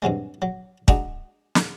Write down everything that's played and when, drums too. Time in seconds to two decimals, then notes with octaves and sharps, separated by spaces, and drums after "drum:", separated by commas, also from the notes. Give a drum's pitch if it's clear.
0.02 G2 C3 F#3 G#3
0.42 F#3
0.88 G#3 D4 D#4 F#4, drum: kick
1.55 drum: snare